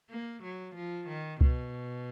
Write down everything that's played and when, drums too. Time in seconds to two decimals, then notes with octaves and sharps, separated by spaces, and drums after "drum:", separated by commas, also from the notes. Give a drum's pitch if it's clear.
0.11 A#3
0.44 F#3
0.76 F3
1.08 D#3
1.41 B2, drum: kick C2